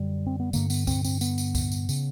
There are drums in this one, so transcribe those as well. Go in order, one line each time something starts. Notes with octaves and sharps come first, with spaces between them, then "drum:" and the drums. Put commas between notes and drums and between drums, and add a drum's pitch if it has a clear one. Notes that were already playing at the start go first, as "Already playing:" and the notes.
Already playing: F#2 D3 G3
C4
B3
G2 D3 A#3, drum: tambourine
B3, drum: tambourine
C4, drum: kick C#2, tambourine
C4, drum: tambourine
B3, drum: tambourine
drum: tambourine
drum: kick C#2, tambourine
drum: tambourine
C#3, drum: tambourine